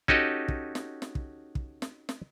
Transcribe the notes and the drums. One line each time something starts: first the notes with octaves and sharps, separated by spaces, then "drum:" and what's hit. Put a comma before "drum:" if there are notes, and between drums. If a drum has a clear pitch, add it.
C#4 D#4 F#4 G4 A4 D#5, drum: kick
drum: kick
drum: snare
drum: snare
drum: kick
drum: kick
drum: snare
drum: snare